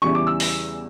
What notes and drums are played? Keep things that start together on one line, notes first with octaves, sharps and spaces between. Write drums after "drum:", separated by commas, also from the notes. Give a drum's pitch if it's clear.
E2 C#3 E3 G3 C#6
D6
E6
drum: open hi-hat